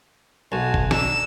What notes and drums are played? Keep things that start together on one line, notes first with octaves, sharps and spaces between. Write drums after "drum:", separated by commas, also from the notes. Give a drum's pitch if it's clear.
B1 F#4 G#5 A5
drum: kick G1
D4 A#5 E6, drum: snare